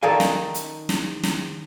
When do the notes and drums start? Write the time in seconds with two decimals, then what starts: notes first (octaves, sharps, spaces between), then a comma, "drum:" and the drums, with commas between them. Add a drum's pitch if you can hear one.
0.03 D#3 A4 A#4 D5 F5 G#5
0.20 drum: snare
0.54 drum: hi-hat
0.89 drum: snare
1.23 drum: snare